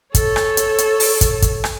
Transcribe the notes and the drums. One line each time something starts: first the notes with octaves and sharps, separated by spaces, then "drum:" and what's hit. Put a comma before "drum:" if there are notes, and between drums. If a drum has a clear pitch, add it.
A4 C#5, drum: kick, hi-hat
drum: rim click
drum: hi-hat
drum: hi-hat
drum: open hi-hat
drum: kick, hi-hat
drum: kick, hi-hat
drum: rim click